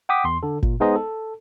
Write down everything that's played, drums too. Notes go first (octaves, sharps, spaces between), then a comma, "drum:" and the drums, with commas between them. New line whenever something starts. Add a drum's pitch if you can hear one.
F#5 G5 D6 D#6 B6
E2 C6
D3 A4
A#2, drum: kick G#1
G#3 B3 D#4 G#4 C5 D#5
A4